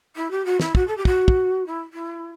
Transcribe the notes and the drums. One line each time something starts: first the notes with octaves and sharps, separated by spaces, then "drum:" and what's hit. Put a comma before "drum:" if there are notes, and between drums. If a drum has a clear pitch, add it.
E4
G4
F#4
E4, drum: snare
F#4, drum: kick
A4
G4
F#4, drum: kick
drum: kick
E4
E4